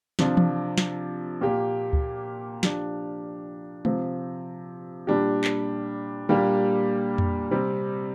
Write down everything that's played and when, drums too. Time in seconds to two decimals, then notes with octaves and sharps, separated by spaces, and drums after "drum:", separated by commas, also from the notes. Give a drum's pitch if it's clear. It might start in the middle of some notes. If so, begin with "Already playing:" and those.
0.19 C3 F3 D4 F4, drum: snare
0.37 drum: tom E3
0.78 drum: snare
1.41 A#2 A#3 G4
1.93 drum: kick C#2
2.63 F3 D4 G4, drum: snare
3.85 C3 F3 C4, drum: tom G#3
5.07 A#2 G3 D4 G4
5.44 drum: clap
6.29 A#2 G3 A#3 D4 G4
7.18 drum: tom F2
7.51 C3 G3 C4